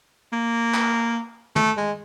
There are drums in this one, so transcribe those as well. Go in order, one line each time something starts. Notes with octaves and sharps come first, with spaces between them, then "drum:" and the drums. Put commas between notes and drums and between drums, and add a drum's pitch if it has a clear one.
A#3
drum: clap
A3, drum: tom
G#3